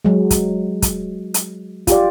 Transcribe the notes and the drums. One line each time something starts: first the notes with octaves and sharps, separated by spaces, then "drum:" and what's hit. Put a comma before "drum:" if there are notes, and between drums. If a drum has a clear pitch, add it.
F#3 G#3
drum: kick, hi-hat
drum: kick, hi-hat
drum: hi-hat
F4 G4 D5, drum: kick, hi-hat